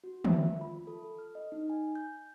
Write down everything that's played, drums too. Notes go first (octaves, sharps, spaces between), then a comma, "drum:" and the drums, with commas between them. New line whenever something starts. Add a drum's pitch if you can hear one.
F#4
E5, drum: tom
F4
B5
A4
F6
D#5
D#4
G#5
G6